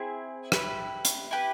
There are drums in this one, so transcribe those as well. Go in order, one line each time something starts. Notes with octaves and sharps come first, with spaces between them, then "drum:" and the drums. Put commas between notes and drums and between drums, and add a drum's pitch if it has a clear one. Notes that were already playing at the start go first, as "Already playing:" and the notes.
Already playing: C4 E4 G#4
E4 G4 B4, drum: rim click
drum: hi-hat
E4 G4 B4